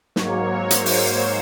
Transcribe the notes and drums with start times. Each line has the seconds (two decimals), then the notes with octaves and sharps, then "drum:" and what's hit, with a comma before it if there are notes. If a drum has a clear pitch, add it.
0.16 G#2 F#3 A#3 C#5, drum: snare
0.71 C5, drum: hi-hat
0.86 drum: open hi-hat